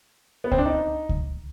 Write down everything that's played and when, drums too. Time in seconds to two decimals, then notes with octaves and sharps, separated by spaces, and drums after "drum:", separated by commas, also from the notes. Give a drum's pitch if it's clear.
0.44 B3
0.52 C4, drum: kick C#2
0.58 D4
0.66 D#4
1.09 drum: kick C#2